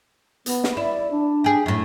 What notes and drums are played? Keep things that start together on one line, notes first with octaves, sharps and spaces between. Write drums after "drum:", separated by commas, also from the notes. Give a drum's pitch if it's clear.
B3, drum: hi-hat
drum: snare
E4 D5
D4
G4 G#4
F#2 A2